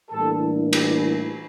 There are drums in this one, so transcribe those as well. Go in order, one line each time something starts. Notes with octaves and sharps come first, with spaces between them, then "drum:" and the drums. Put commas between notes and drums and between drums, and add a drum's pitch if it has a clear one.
A2 E3 G3 A#3 D4 A4
G4, drum: cymbal